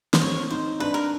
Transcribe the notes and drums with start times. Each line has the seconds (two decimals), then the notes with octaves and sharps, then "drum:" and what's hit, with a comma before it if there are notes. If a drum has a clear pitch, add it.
0.14 C5, drum: snare
0.21 C4 C#5
0.50 D#4 C5
0.80 D4 B4
0.94 A#4